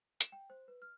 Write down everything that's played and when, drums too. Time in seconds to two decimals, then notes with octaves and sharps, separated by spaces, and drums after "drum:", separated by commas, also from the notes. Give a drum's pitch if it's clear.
0.21 E7, drum: hi-hat
0.32 G5
0.50 C5
0.68 B4
0.82 F6